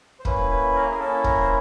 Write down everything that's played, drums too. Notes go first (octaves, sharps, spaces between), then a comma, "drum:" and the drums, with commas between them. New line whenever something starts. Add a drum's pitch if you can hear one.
C5
A#3 C#4 E4 B4, drum: kick
B4
A#4
G#4
A#3 C#4 E4 A4
A#4, drum: kick
C5